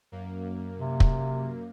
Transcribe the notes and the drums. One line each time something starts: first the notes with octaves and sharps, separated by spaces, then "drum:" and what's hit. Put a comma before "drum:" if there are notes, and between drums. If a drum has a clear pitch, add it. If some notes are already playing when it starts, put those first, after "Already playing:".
F#2 A#3
C3
drum: kick